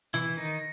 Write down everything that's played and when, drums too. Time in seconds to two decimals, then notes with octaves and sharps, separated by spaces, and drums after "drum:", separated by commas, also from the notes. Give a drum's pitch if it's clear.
0.14 E3 E4, drum: tom B2
0.37 D#3 D#4